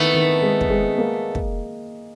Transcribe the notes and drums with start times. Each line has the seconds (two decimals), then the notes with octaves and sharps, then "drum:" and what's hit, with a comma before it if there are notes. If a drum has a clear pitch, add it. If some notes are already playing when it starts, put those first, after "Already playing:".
Already playing: D#3 E3 A3 B3
0.14 D#3
0.42 G#3
0.61 drum: kick
0.70 G#3
0.98 A#3
1.35 drum: kick